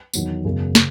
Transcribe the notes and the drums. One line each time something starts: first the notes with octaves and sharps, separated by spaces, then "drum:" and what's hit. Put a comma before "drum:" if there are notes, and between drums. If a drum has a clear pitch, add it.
E2 D#3 F#3 B3, drum: tambourine
F#2 C#3 G#3 B3
C#3, drum: snare